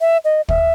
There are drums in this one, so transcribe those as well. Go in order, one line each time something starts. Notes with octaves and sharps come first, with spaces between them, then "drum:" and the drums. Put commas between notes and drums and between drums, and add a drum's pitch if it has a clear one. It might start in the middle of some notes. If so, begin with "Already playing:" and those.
E5
D#5
E5, drum: kick